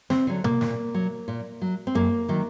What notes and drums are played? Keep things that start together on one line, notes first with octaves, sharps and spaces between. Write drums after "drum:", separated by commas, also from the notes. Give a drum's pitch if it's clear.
C4, drum: snare
D3 F#3
A#3, drum: tom B2
A#2, drum: snare
F#3
A#2
F#3
C4
F#2 A#3
D#3 F#3